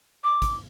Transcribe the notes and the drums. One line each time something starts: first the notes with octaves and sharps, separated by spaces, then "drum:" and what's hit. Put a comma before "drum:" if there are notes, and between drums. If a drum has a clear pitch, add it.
D6
drum: kick, hi-hat